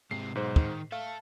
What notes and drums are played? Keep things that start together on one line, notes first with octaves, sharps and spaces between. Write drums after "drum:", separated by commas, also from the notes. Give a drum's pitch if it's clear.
G#2 C3 C7
B1 G#2 C5
D#3, drum: kick
A4 E5 F5